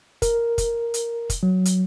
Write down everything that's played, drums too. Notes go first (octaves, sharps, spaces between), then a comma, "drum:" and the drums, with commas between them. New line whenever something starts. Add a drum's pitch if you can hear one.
A#4, drum: kick, hi-hat
drum: kick, hi-hat
drum: hi-hat
drum: kick, hi-hat
F#3
drum: hi-hat